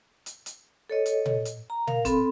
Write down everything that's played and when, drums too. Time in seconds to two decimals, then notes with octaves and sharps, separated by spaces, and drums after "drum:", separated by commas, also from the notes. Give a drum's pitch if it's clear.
0.26 drum: hi-hat
0.46 drum: hi-hat
0.89 A4 C#5 D#5
1.06 drum: hi-hat
1.25 drum: tom A#2
1.45 drum: hi-hat
1.70 A#5
1.87 A#4 F5, drum: tom A#2
2.05 C4 A4 B5 C6, drum: kick, hi-hat